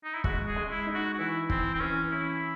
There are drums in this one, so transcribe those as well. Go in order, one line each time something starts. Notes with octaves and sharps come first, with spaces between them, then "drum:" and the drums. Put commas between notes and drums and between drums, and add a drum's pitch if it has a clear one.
D#4
E4
G#3 F#4, drum: kick
G#4
G#3
E4
D#4
F#4
F#4
E3 E4
E3 C4, drum: kick
C4
E3 C#4
C#4 E4